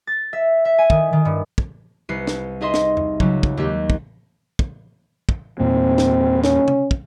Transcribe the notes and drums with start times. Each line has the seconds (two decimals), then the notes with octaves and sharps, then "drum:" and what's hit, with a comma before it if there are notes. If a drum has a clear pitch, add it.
0.07 A6
0.33 E5
0.65 E5
0.78 G#5
0.90 D#3, drum: kick
1.13 D#3
1.25 G2
1.58 drum: kick
2.09 C2 B4 C7 C#7
2.27 drum: snare
2.61 D#4 G#4 D#5 E5 C6
2.74 drum: snare
2.97 drum: tom E2
3.20 C#2 C#3 F#3, drum: kick
3.43 drum: kick
3.57 D#2 G4
3.90 drum: kick
4.59 drum: kick
5.29 drum: kick
5.60 E2 A#2 A#3 C4
5.98 drum: snare
6.44 C#4, drum: snare
6.68 drum: tom C3
6.91 drum: kick